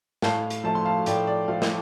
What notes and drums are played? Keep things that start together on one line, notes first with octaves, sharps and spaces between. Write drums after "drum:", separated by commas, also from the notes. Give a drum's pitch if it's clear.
A2 F5 A5, drum: snare
drum: hi-hat
F3 A3 A5
C6
F5 A5
A2 D5 G5, drum: hi-hat
D5
F3 A3 F5
drum: snare